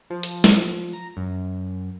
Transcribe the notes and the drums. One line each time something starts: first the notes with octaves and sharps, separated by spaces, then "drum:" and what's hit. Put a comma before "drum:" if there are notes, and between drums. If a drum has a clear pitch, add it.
F3
drum: hi-hat
drum: snare
A#5
F#2